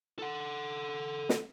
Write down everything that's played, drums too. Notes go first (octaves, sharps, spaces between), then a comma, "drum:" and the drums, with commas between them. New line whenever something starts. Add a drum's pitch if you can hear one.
A4 F#5
drum: snare